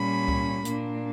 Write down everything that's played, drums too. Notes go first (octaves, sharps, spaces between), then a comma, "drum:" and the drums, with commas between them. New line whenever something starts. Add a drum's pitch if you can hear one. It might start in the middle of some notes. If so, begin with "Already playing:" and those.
Already playing: A#2 G3 C#4 B5
drum: kick C#2
A#2 A#3 D4, drum: hi-hat